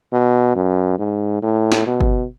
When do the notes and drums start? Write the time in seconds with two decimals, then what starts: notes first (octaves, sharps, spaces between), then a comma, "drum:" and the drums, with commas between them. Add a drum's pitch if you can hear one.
0.13 B2
0.56 F#2
0.99 G#2
1.43 A2
1.72 drum: snare
1.86 B2
2.01 drum: kick G1